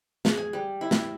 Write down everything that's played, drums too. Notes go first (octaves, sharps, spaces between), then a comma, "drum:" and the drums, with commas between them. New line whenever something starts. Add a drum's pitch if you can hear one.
G#4, drum: snare
G#5
G3
E4
drum: snare